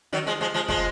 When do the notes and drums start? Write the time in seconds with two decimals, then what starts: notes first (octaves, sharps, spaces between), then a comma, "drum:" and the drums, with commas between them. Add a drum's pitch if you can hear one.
0.13 D#3 F#3
0.26 F3 G#3
0.41 F3 G#3
0.54 F3 G#3
0.68 F3 G#3, drum: kick